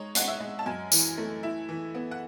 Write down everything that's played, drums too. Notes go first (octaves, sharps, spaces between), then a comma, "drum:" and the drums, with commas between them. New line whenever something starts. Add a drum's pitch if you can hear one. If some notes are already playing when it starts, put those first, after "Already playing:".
Already playing: G#3 D#4 C#5
G#3 F#5, drum: hi-hat
E5
G#3
A5
F#2 G#5
E3, drum: tambourine
A3
E4
E3
B3
F#5